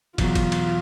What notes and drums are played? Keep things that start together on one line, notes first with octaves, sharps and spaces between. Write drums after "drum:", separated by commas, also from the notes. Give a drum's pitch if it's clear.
E2 B2 F#3 F4, drum: kick, cymbal
drum: kick, cymbal
drum: cymbal